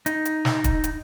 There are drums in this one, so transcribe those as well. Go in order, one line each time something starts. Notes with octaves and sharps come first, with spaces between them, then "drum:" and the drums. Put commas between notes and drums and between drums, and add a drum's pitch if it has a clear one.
D#4, drum: hi-hat
drum: hi-hat
drum: snare
drum: kick, hi-hat
drum: hi-hat